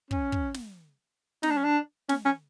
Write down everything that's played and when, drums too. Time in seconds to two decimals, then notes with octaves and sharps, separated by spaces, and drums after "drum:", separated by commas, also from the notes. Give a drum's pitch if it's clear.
0.11 C#4, drum: kick
0.32 drum: kick
0.54 drum: snare
1.43 D#4, drum: snare
1.50 D4
1.57 C#4
1.64 D4
2.09 C#4, drum: snare
2.26 C#4